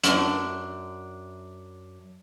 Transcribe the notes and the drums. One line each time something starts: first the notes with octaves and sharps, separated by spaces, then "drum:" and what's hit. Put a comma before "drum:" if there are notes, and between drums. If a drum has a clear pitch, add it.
F#2 D4, drum: hi-hat